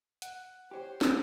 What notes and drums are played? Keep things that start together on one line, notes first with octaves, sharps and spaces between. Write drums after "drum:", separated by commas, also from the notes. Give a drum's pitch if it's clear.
F#5, drum: hi-hat
G4 C5 C#5
drum: snare